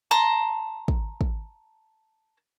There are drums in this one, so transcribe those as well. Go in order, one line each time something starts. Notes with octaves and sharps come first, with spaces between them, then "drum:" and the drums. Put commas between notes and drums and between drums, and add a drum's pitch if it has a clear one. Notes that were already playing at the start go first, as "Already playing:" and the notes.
A5 A#5 C6
drum: kick
drum: kick